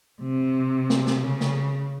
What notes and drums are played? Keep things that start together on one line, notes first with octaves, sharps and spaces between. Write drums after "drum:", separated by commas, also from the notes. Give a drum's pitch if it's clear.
C3
drum: snare
drum: snare
C#3
drum: snare